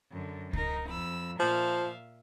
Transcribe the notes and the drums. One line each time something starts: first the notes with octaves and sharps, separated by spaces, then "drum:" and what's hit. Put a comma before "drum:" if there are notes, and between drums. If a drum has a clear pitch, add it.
F#2 D3
D#4 A#4, drum: kick C#2
F2 B5 E6
A#2 F3 E5 F5